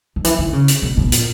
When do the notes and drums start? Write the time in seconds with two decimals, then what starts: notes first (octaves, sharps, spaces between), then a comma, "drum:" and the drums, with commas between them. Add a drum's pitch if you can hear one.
0.16 D#3
0.24 E3, drum: hi-hat
0.39 D#3
0.53 C#3
0.68 drum: hi-hat
0.82 B2
0.97 B2
1.12 A#2, drum: hi-hat